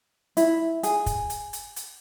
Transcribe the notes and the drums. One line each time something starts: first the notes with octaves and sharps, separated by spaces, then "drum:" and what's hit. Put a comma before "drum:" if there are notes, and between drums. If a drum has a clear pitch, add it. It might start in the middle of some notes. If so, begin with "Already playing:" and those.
E4, drum: hi-hat
G#4, drum: hi-hat
drum: kick, hi-hat
drum: hi-hat
drum: hi-hat
drum: hi-hat